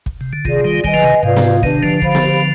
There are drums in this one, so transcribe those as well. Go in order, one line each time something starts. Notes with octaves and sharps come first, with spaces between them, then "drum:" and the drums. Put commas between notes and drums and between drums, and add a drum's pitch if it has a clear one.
drum: kick
C3
D3
C3 D#3 F4 G#4 D5, drum: kick
D#3 G3
D#3 G3 B4 D#5 G#5, drum: kick
D3 F3
C3 D#3
G#2 C3 F4 B4 D5 F5
drum: snare B3
C3 D#3 D4 G4 B4, drum: kick
D3 F3
G4 C5 F5 B5, drum: kick
drum: snare B3